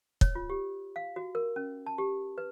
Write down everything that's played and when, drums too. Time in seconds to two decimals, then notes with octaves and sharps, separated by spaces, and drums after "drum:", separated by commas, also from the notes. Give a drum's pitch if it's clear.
0.21 C#5, drum: kick
0.35 F4
0.50 G4
0.96 F5
1.16 F#4
1.35 A#4
1.56 C#4
1.86 A5
1.98 G4
2.38 B4